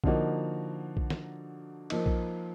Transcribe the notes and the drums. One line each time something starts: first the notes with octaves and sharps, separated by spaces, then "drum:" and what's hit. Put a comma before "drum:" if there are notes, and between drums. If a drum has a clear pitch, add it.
D3 F3 A#3 D#4 F#4, drum: kick A#1
drum: kick A#1
drum: snare
F3 A#3 D#4, drum: cymbal
drum: kick A#1